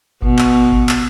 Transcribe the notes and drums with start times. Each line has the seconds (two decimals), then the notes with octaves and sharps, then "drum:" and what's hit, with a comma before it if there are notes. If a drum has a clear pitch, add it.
0.22 B2, drum: kick G#1
0.39 drum: clap
0.72 drum: kick G#1
0.89 drum: clap